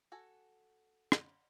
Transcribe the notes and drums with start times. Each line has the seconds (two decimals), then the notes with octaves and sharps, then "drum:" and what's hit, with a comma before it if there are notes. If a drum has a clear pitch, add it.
0.12 F#4 A4 G#5
1.12 drum: rim click